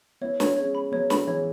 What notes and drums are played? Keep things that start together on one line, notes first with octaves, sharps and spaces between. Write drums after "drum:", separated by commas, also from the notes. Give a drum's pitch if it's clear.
B3 E4 C#5
C#5, drum: snare
G#3 C#4 C#5
B5
F#3 B3 C#5
B5, drum: snare
E3 G#3 C#5